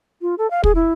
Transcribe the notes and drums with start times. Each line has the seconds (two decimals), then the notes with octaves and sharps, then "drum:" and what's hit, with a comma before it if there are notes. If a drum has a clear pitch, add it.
0.22 F4
0.38 A4
0.50 F5
0.64 G#4, drum: kick
0.75 E4